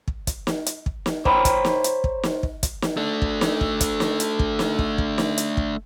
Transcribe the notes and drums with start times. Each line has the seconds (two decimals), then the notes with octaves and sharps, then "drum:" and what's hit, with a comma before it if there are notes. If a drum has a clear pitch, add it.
0.08 drum: kick
0.27 drum: kick, hi-hat
0.47 drum: snare
0.66 drum: hi-hat
0.86 drum: kick
1.06 drum: snare
1.25 C5 C#5 G5 A#5 B5, drum: kick
1.45 drum: kick, hi-hat
1.65 drum: snare
1.84 drum: hi-hat
2.04 drum: kick
2.23 drum: snare
2.43 drum: kick
2.63 drum: kick, hi-hat
2.82 drum: snare
2.97 A3 D4
3.22 drum: kick
3.41 drum: snare
3.61 drum: kick
3.80 drum: kick, hi-hat
4.00 drum: snare
4.20 drum: hi-hat
4.39 drum: kick
4.59 drum: snare
4.79 drum: kick
4.98 drum: kick
5.18 drum: snare
5.38 drum: hi-hat
5.57 drum: kick